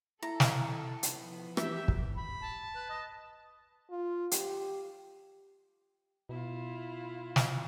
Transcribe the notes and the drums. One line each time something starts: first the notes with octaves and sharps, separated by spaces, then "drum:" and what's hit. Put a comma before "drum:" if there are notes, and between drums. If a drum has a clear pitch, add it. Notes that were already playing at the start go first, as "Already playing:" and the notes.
E4 A4 A#5
drum: snare
drum: hi-hat
F3 B3
E3 G4 E5, drum: rim click
drum: kick
B5
A5
B4
D#5
F4
G4, drum: hi-hat
B2 E4 F4
drum: snare